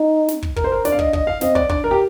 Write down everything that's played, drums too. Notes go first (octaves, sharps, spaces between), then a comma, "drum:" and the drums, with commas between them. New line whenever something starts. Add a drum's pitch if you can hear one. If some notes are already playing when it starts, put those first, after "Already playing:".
Already playing: D#4
drum: snare
drum: kick
A#4, drum: kick
C5
A#4
D4 D5, drum: snare
F5
D#5, drum: kick
D#5, drum: kick
F5
C4 D#5, drum: snare
D5, drum: kick
D4 D5, drum: kick
A#4
G4